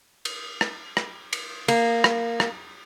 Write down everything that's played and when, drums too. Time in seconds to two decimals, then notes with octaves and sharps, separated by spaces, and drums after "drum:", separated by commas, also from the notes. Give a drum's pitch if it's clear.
0.25 drum: cymbal
0.61 drum: rim click
0.97 drum: rim click
1.33 drum: cymbal
1.68 A#3, drum: cymbal
2.04 drum: rim click
2.40 drum: rim click